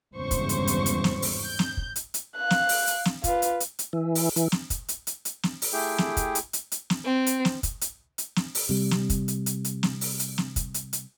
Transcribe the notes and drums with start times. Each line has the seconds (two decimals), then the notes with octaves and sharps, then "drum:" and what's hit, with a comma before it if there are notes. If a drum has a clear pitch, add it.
0.14 G#1 E2 G2 C#3 C5 C#6
0.31 drum: kick, hi-hat
0.49 drum: hi-hat
0.67 drum: hi-hat
0.86 drum: hi-hat
1.04 drum: snare
1.22 drum: open hi-hat
1.45 G6
1.59 drum: snare
1.77 drum: kick
1.96 drum: hi-hat
2.14 drum: hi-hat
2.37 F5 F#6
2.50 drum: snare
2.69 drum: open hi-hat
2.87 drum: hi-hat
3.05 drum: snare
3.24 F4 B4, drum: kick, hi-hat
3.42 drum: hi-hat
3.60 drum: hi-hat
3.79 drum: hi-hat
3.93 E3
4.15 drum: open hi-hat
4.36 E3, drum: hi-hat
4.52 drum: snare
4.70 drum: kick, hi-hat
4.88 drum: hi-hat
5.07 drum: hi-hat
5.25 drum: hi-hat
5.43 drum: snare
5.62 drum: open hi-hat
5.73 A3 E4 G4 G#4 G5
5.98 drum: snare
6.17 drum: kick, hi-hat
6.35 drum: hi-hat
6.53 drum: hi-hat
6.72 drum: hi-hat
6.90 drum: snare
7.05 C4
7.26 drum: hi-hat
7.45 drum: snare
7.63 drum: kick, hi-hat
7.81 drum: hi-hat
8.18 drum: hi-hat
8.36 drum: snare
8.55 drum: open hi-hat
8.69 C3 G3
8.91 drum: snare
9.10 drum: kick, hi-hat
9.28 drum: hi-hat
9.46 drum: hi-hat
9.64 drum: hi-hat
9.83 drum: snare
10.01 drum: open hi-hat
10.19 drum: hi-hat
10.38 drum: snare
10.56 drum: kick, hi-hat
10.74 drum: hi-hat
10.93 drum: hi-hat